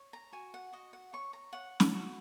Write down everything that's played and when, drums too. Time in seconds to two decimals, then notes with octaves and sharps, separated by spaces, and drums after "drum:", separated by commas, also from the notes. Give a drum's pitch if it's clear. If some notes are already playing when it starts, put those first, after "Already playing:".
Already playing: C#5
0.13 A#5
0.33 F#4 G#5
0.54 F#5
0.73 F#4 D#5
0.93 F#5
1.13 C#5 C#6
1.33 A#5
1.53 C#5 F#5
1.80 drum: snare
1.93 F#4